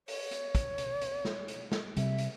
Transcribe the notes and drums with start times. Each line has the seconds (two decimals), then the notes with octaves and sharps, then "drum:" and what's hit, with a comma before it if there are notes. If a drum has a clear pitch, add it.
0.08 C#5, drum: open hi-hat
0.31 drum: hi-hat
0.55 drum: kick, hi-hat
0.78 drum: hi-hat
1.01 drum: hi-hat
1.25 drum: snare
1.48 drum: hi-hat
1.72 drum: snare
1.97 C3 G3 E5, drum: hi-hat
2.18 drum: hi-hat